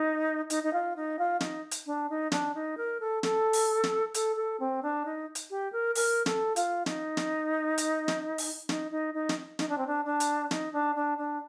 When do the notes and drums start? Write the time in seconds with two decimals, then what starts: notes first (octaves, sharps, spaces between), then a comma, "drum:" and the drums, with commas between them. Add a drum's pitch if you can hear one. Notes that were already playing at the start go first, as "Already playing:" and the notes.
Already playing: D#4
0.50 D#4, drum: hi-hat
0.63 D#4
0.73 F4
0.96 D#4
1.19 F4
1.40 D#4, drum: snare
1.71 drum: hi-hat
1.86 D4
2.10 D#4
2.32 D4, drum: snare
2.55 D#4
2.77 A#4
3.00 A4
3.23 A4, drum: snare
3.53 drum: open hi-hat
3.84 drum: snare
4.14 A4, drum: hi-hat
4.36 A4
4.60 C4
4.83 D4
5.05 D#4
5.35 drum: hi-hat
5.50 G4
5.72 A#4
5.95 A#4, drum: open hi-hat
6.26 A4, drum: snare
6.56 F4, drum: hi-hat
6.86 D#4, drum: snare
7.17 drum: snare
7.78 drum: hi-hat
8.08 drum: snare
8.38 drum: open hi-hat
8.69 D#4, drum: snare
8.91 D#4
9.14 D#4
9.29 drum: snare
9.59 D#4, drum: snare
9.69 D4
9.78 C4
9.87 D4
10.05 D4
10.20 drum: hi-hat
10.51 D#4, drum: snare
10.73 D4
10.95 D4
11.18 D4